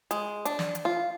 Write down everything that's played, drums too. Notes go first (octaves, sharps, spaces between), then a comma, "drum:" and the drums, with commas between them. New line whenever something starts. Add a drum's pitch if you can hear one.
G#3, drum: hi-hat
D4, drum: hi-hat
drum: snare
drum: hi-hat
F4